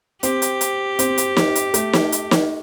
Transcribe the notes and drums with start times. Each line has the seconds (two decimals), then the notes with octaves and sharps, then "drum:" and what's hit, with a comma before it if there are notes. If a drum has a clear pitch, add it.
0.23 C4 G4, drum: hi-hat
0.42 drum: hi-hat
0.61 drum: hi-hat
0.99 C4, drum: hi-hat
1.18 drum: hi-hat
1.37 drum: snare
1.55 drum: hi-hat
1.74 A3, drum: hi-hat
1.93 drum: snare
2.12 drum: hi-hat
2.31 drum: snare